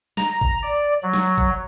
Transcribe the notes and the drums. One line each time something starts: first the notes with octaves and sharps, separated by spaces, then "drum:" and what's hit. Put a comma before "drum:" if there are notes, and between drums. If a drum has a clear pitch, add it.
A#5, drum: snare
drum: kick G#1
D5
F#3
drum: snare
drum: kick G#1